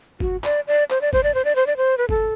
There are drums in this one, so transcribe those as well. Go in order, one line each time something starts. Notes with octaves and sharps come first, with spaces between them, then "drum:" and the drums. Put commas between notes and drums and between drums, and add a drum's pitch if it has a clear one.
F#4, drum: kick
D5, drum: clap
D5
C5, drum: clap
D5
C5, drum: kick
D5
C5
D5
C5
D5
C5
B4
A4, drum: kick